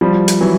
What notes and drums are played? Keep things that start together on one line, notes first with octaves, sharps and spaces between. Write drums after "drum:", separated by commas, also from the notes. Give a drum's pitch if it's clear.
F3 G3
drum: hi-hat
E3 F#3